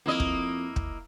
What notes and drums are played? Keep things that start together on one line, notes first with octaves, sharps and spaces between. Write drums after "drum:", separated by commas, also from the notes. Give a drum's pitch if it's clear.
F2 A#3 E4 D#5
drum: kick
drum: kick